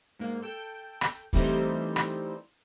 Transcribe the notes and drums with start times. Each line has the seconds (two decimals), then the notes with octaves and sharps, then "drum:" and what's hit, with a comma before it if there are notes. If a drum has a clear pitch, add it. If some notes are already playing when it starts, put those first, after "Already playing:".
0.19 G#2 A#3
0.42 A4 G5
1.01 drum: rim click
1.33 E3 G3 A3 C4 D#4 C5, drum: kick
1.96 drum: rim click